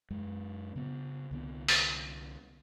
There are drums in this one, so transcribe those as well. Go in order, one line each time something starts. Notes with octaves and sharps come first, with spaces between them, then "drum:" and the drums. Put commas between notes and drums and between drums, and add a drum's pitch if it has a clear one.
F#2 G#3
C#3 B3
C2 D3 B3
drum: open hi-hat